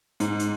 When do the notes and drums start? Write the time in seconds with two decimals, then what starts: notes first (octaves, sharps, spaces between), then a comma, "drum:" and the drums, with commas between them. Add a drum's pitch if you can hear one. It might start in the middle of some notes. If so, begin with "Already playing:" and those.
0.20 G#2, drum: hi-hat
0.40 drum: hi-hat